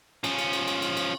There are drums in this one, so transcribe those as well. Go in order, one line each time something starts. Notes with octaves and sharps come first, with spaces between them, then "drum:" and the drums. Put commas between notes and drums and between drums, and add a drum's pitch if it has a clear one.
F3 C#4, drum: cymbal
drum: cymbal
drum: cymbal
drum: cymbal
drum: cymbal
drum: cymbal